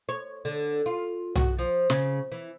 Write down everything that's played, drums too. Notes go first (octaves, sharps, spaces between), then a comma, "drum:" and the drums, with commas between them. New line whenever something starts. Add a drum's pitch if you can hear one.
C#5
D3
F4
F#4, drum: tom B1
F3
C#3, drum: snare
E3